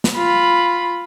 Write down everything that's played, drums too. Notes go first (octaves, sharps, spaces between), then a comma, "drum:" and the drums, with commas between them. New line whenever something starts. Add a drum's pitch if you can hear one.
drum: snare
F4 B5